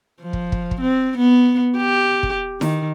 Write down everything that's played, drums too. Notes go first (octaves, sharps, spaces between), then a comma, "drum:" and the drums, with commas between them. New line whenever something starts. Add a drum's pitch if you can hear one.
F3
drum: kick
drum: kick
drum: kick
C4
B3
G4
drum: kick
D#3, drum: snare E4